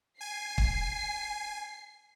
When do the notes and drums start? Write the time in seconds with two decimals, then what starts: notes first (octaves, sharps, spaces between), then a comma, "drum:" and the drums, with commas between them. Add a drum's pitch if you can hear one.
0.21 G#5 C7
0.58 drum: kick